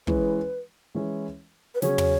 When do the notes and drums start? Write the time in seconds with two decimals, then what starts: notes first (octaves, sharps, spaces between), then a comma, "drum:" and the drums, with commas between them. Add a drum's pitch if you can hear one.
0.07 E3 G#3 C#4 E4 B4, drum: kick
0.95 E3 G#3 C#4 E4
1.75 B4
1.82 C#3 F#3 C#4 G#4 C#5, drum: snare
1.98 drum: tom